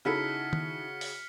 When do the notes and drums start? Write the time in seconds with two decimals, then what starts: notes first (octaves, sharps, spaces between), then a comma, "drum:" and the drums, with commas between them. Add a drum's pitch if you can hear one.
0.05 C#3 D#4 E4 F#4 A4 F6 B6 C#7
0.53 drum: tom D#3
1.01 drum: open hi-hat